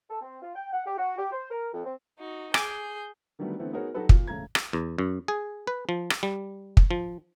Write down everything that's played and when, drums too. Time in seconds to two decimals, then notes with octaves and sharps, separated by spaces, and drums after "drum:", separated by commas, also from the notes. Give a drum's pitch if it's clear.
0.10 A4
0.22 C4
0.42 F4
0.56 G5
0.73 F#5
0.86 G4
0.98 F#4
1.18 G4
1.32 C5
1.51 A#4
1.74 F2
1.85 C4
2.19 D#4 F#4
2.54 G#4 G#5 D6 G6, drum: rim click
3.39 D3 D#3 F#3 G3 A3 B3
3.59 D3 E3 A3 B3 C4
3.73 B3 D#4 F#4 G#4 A#4 C#5
3.94 F#3 D#4 F#4 G4 A4 B4
4.09 A#2, drum: kick
4.27 E1 C#3 A3 A#5 G#6
4.55 drum: rim click
4.73 E2
4.98 F#2
5.28 G#4
5.67 B4
5.89 F3
6.10 drum: rim click
6.23 G3
6.77 drum: kick
6.91 F3